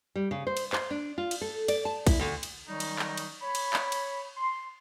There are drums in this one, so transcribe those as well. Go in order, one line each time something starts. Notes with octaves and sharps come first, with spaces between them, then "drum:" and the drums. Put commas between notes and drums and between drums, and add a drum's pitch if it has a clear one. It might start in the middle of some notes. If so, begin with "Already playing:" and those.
G3
C#3
C5
drum: cymbal
C5, drum: clap
D4
F4
drum: cymbal
A4
D5, drum: cymbal
A5
E4, drum: kick, cymbal
D2
drum: cymbal
D#3 F#3 G3 C#4 D#4
drum: cymbal
drum: clap
drum: cymbal
C#5 B5
drum: cymbal
drum: clap
drum: cymbal
C6